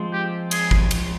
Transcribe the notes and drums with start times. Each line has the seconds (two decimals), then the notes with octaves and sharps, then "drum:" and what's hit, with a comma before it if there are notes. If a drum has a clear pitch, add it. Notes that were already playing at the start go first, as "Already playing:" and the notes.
Already playing: F3 G#3 C4 F4 C5
0.13 G4
0.51 G#4, drum: cymbal
0.71 drum: kick
0.91 drum: cymbal